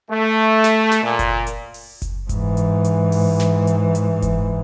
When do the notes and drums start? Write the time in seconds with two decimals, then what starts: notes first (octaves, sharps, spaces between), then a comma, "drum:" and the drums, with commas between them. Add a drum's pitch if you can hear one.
0.10 A3
0.64 drum: snare
0.91 drum: snare
1.02 A#2
1.19 drum: kick F#1, hi-hat
1.47 drum: hi-hat
1.74 drum: open hi-hat
2.02 drum: kick F#1, hi-hat
2.29 G#2 E3, drum: kick F#1, hi-hat
2.57 drum: hi-hat
2.84 drum: hi-hat
3.12 drum: open hi-hat
3.40 drum: snare
3.67 drum: hi-hat
3.95 drum: hi-hat
4.22 drum: kick F#1, hi-hat